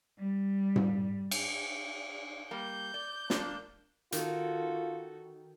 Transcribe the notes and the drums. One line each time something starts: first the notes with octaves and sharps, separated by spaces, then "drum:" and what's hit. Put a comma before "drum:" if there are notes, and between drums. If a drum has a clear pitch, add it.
G3
drum: tom G#2
drum: cymbal
G3 A#3 G6
D5
F3 A#3 D4, drum: snare
D#3 F4 F#4 A4, drum: hi-hat